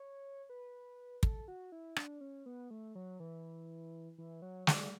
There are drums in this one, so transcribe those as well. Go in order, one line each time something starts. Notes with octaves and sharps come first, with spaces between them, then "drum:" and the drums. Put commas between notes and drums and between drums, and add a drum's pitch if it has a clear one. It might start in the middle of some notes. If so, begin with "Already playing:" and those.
Already playing: C#5
B4
A4, drum: kick
F#4
E4
D4, drum: rim click
C#4
B3
A3
F#3
E3
E3
F#3
G3, drum: snare